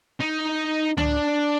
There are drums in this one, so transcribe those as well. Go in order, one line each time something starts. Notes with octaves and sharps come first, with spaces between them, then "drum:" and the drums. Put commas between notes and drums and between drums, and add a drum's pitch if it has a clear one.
D#4
D4, drum: tom C#2